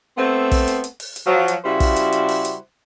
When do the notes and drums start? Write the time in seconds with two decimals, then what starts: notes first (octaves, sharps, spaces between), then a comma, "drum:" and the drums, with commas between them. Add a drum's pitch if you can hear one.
0.17 A3 B3 C4
0.51 drum: kick, open hi-hat
0.68 drum: hi-hat
0.84 drum: hi-hat
1.00 drum: open hi-hat
1.16 drum: hi-hat
1.26 F3 F#3
1.48 drum: hi-hat
1.64 C#3 G3 E4 F#4 C5
1.80 drum: kick, open hi-hat
1.96 drum: hi-hat
2.12 drum: hi-hat
2.29 drum: open hi-hat
2.45 drum: hi-hat